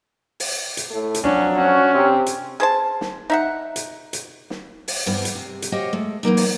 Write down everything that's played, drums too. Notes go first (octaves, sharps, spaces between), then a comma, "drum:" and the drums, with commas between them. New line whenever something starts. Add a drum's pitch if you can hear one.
drum: open hi-hat
drum: hi-hat
A2 A3
drum: hi-hat
F2 F#3 C#4 D4
C#4 F#4
C3 C4
drum: hi-hat
G#4 C5 A5
drum: snare
D#4 E5 F#5
drum: hi-hat
drum: hi-hat
drum: snare
drum: open hi-hat
G2 E3 B3 C4 D4
drum: hi-hat
C3
drum: hi-hat
F#4 G4 C5 C#5 D#5 F5
G#3 A3
E3 F#3 A#3 D#4
drum: open hi-hat